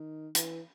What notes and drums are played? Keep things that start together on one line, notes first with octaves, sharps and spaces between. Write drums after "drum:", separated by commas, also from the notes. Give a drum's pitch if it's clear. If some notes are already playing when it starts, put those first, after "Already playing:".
Already playing: D#3
E3, drum: hi-hat